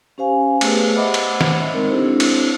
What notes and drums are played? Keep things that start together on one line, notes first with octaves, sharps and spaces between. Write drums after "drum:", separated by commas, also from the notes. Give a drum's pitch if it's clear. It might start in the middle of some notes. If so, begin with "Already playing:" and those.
C#4 G4 C5 F5 G#5
A3 B3 G4 G#4 B4, drum: cymbal
C5 D#5 E5 F#5 B5 D6
drum: cymbal
drum: snare
G#3 C4 D#4 A#4
C4 D4 E4 G4 A4 C5
drum: cymbal